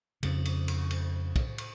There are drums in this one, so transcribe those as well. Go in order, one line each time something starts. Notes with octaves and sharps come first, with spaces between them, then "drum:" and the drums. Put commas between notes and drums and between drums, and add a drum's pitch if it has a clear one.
F2 C#3, drum: cymbal
drum: cymbal
drum: cymbal
drum: cymbal
drum: kick, cymbal
drum: cymbal